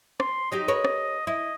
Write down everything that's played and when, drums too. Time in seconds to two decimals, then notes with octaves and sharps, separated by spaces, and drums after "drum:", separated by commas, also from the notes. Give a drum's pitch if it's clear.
0.20 C6, drum: rim click
0.52 F#3 D#4 G4 D#5
0.68 A#4 B4 C#5
0.85 drum: rim click
1.27 E4 D#5